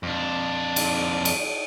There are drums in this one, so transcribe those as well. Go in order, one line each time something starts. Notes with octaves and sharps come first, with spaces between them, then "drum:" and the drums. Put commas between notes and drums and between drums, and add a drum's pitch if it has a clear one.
F2 D4
drum: cymbal
drum: cymbal